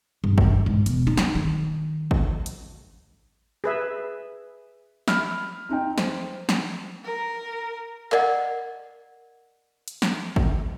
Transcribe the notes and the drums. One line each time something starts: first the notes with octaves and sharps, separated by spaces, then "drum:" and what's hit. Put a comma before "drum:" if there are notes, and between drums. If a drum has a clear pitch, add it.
G2
drum: kick G#1
G#2
E1, drum: hi-hat
D#4
drum: snare
D#3
drum: kick G#1
drum: hi-hat
G#4 B4 E5
B5 F6, drum: snare
C4 D#4 G5
C5, drum: snare
drum: snare
A#4
A#4 D5 D#5 F#5, drum: clap
drum: hi-hat
drum: snare
drum: kick G#1